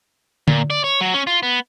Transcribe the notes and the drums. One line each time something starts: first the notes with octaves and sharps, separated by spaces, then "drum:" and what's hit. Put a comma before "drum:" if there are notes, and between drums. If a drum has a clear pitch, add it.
A#2, drum: tom D3
D5
C#5
F#3
C#4
F4
B3